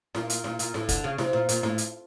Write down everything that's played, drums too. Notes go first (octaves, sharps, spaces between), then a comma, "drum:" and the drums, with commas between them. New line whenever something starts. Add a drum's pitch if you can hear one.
A#2, drum: snare E4
drum: hi-hat
A#2, drum: snare E4
A#2, drum: hi-hat
A2, drum: snare E4
D3, drum: kick F1, hi-hat
C#3
C3, drum: snare E4
A#2
A#2, drum: hi-hat
A2, drum: snare E4
drum: hi-hat